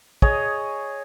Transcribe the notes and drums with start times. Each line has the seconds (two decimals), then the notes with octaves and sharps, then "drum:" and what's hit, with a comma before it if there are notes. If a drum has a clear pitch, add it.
0.22 G#4 C#5 D#5, drum: kick